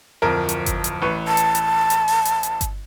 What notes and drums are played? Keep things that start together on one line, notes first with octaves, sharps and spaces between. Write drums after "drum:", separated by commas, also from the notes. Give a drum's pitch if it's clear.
D1 F2 A#4
drum: hi-hat
drum: kick G1, hi-hat
drum: hi-hat
A1 B4 C#6
A5
drum: hi-hat
drum: hi-hat
drum: hi-hat
drum: open hi-hat
drum: hi-hat
drum: hi-hat
drum: kick G1, hi-hat